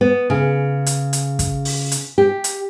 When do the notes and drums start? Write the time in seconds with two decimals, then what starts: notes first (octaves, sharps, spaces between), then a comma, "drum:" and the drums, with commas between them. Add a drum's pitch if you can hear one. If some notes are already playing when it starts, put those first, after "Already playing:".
0.01 B3
0.30 C#3
0.86 drum: hi-hat
1.13 drum: hi-hat
1.39 drum: kick, hi-hat
1.65 drum: open hi-hat
1.91 drum: hi-hat
2.18 G4
2.44 drum: hi-hat